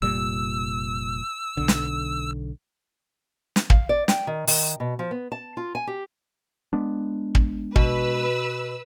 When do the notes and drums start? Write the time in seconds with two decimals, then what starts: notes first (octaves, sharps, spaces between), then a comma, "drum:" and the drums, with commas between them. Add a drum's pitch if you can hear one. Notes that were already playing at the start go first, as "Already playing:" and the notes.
0.02 F1 A#2 G3 E6
1.57 B1 D3
1.68 drum: snare
3.56 drum: snare
3.70 F5, drum: kick
3.89 D5
4.08 G5, drum: snare
4.27 D#3
4.47 D#3, drum: open hi-hat
4.80 B2
4.99 F3
5.11 B3
5.32 A5
5.57 F4
5.75 G#5
5.87 G4
6.73 G#3 B3 D4
7.35 drum: kick
7.76 B2 B4 E6, drum: kick